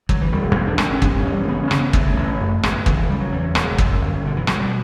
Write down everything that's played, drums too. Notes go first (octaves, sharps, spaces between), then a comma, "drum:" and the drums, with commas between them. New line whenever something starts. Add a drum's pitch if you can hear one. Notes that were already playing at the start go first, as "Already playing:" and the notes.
D2 F#3, drum: kick
E3
E1 G3
E2 B3
D4
F#1 D4, drum: rim click
C#4
G2 B3, drum: kick
C#4
A1 F#3
G3
A3
C#3 B3
C#4
C#3, drum: rim click
B3
G2 A3, drum: kick
A1
F#2
G1, drum: rim click
C#3 E3, drum: kick
E3
C#3 G3
F#3
E2
E1, drum: rim click
F#2, drum: kick
G1
B2 D3
E3
B2 F#3, drum: rim click
G3